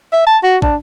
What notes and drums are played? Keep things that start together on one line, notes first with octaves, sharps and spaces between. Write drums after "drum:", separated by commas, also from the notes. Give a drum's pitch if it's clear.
E5
A5
F#4
D4, drum: kick